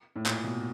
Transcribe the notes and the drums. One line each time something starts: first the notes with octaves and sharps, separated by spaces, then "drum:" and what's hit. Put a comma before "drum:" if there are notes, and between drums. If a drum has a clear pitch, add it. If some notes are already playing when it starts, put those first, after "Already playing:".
A2
A#2, drum: clap
B2